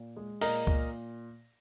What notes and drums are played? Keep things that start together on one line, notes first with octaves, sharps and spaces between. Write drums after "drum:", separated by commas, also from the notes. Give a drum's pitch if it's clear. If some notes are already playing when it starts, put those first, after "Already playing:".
Already playing: A#2
G#3
A#2 A#4 D#5, drum: open hi-hat
A#2, drum: kick C#2